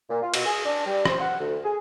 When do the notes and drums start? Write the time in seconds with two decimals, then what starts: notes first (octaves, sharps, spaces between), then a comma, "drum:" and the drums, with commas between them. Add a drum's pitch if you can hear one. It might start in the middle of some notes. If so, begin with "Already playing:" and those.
0.10 A#2
0.22 F4
0.34 B2, drum: cymbal
0.46 G#4
0.65 D4
0.85 G3
1.05 C5, drum: rim click
1.20 F#5
1.40 D2
1.64 G#4